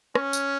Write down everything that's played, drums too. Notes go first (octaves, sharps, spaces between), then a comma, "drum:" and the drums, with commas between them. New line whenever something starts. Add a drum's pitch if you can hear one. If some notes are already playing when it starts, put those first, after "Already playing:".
C#4, drum: rim click
drum: tambourine